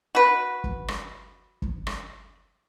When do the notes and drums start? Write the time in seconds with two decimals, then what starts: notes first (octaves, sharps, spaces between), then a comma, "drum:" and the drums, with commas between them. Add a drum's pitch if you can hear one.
0.15 F#4 B4
0.64 drum: kick
0.88 drum: rim click
1.62 drum: kick
1.87 drum: rim click